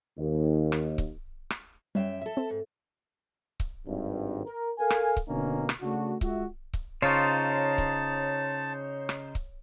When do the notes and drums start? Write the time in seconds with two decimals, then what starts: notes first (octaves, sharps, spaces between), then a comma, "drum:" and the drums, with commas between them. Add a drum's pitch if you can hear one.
0.18 D#2
0.72 drum: rim click
0.98 drum: kick C#1
1.50 drum: rim click
1.95 F#2 G3 E5 G5
2.21 A4 E5
2.37 C4
2.50 G#2
3.60 drum: kick C#1
3.87 G#1 G2
4.46 A#4
4.79 A4 A#4 F5 G#5
4.90 drum: rim click
5.17 drum: kick C#1
5.29 B2 D3 A#3 C#4 D#4
5.69 drum: rim click
5.82 C#3 A3 D4 F#4
6.21 G#3 F4 F#4 E5, drum: kick C#1
6.73 drum: kick C#1
7.02 C#3 D#4 F4 C5 C#5 A5
7.78 drum: kick C#1
9.09 drum: rim click
9.35 drum: kick C#1